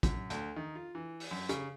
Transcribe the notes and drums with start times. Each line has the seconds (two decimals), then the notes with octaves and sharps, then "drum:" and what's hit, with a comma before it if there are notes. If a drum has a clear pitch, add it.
0.03 F#2, drum: kick, hi-hat
0.30 D2, drum: hi-hat
0.56 D#3
0.75 F4
0.95 E3
1.20 drum: open hi-hat
1.31 F#2
1.49 C#3, drum: hi-hat